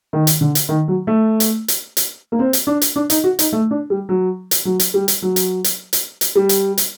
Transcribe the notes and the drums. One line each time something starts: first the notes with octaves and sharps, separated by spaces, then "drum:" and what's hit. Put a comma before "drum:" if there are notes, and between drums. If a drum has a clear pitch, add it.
D#3
drum: hi-hat
D3
drum: hi-hat
D#3
F#3
A3
drum: hi-hat
drum: hi-hat
drum: hi-hat
A#3
C4
drum: hi-hat
D4
drum: hi-hat
D4
D#4, drum: hi-hat
F#4
D#4, drum: hi-hat
A3
D4
G3
F#3
drum: hi-hat
F#3
drum: hi-hat
G3
drum: hi-hat
F#3
drum: hi-hat
drum: hi-hat
drum: hi-hat
drum: hi-hat
G3
drum: hi-hat
drum: hi-hat